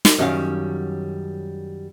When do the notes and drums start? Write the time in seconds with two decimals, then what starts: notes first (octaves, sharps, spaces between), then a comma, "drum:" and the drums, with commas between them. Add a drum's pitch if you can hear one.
0.05 drum: snare
0.18 F#2 D#3 G3 G#3 C#4 F5